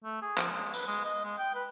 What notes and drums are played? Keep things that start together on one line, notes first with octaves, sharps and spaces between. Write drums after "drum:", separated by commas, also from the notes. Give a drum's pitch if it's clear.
A3
G#4
F3, drum: clap
G#3
B4, drum: tambourine
G#3
D#5
G#3
G5
B4